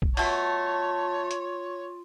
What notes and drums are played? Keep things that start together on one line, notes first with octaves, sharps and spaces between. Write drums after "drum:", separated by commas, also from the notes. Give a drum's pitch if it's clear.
drum: kick A#1
B2 A3 F4 C#5 A5, drum: open hi-hat
drum: hi-hat